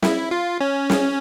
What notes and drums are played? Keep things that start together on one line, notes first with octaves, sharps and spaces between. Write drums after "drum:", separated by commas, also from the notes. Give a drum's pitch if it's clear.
E4, drum: snare
F4
C#4
drum: snare